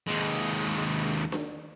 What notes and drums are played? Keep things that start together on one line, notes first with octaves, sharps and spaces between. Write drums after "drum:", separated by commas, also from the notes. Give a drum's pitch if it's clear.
D#2 G#3, drum: hi-hat
drum: snare D4